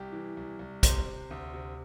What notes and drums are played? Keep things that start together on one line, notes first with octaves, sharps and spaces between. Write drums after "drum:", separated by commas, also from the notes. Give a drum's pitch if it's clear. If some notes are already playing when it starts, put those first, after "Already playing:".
Already playing: C2 G4
E3
C2
C2
C3 C5, drum: kick, hi-hat
C3
D2
C3